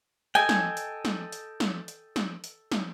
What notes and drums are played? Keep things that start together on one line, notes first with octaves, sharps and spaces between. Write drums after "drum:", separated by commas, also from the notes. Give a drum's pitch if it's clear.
A4 D#5 G5 G#5
drum: snare
drum: hi-hat
drum: snare
drum: hi-hat
drum: snare
drum: hi-hat
drum: snare
drum: hi-hat
drum: snare